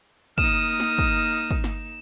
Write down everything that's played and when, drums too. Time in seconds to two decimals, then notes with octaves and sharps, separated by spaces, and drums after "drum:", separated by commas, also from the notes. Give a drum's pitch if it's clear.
0.38 A#3 D#4 D#6 F6 E7, drum: kick
0.80 drum: snare
0.98 drum: kick
1.51 drum: kick
1.64 drum: snare